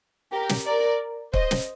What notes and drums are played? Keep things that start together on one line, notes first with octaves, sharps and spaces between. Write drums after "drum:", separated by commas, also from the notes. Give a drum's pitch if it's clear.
G4 A#4
drum: snare
A#4 D5
C5 D#5, drum: kick
drum: snare